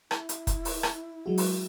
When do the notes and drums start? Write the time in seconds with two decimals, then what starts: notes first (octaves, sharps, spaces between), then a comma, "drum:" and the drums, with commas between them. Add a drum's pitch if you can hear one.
0.11 E4, drum: rim click
0.29 drum: hi-hat
0.47 drum: kick, hi-hat
0.65 drum: open hi-hat
0.83 drum: rim click
1.26 F#3 G#3 F#4
1.38 drum: open hi-hat